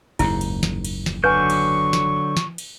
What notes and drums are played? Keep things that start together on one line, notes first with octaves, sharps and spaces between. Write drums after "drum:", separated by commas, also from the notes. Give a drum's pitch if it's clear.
F#1 D#2 G#2 E4, drum: cymbal
drum: cymbal
drum: snare
drum: cymbal
drum: snare
D3 F#3 B4 F#5 G#5 C#6 G6
drum: cymbal
drum: snare
drum: snare
drum: cymbal